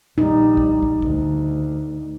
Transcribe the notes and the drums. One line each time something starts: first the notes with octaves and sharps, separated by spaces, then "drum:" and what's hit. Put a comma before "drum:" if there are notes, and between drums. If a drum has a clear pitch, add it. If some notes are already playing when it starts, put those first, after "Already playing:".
A#1 G3 D#4
drum: kick
drum: kick
D2, drum: kick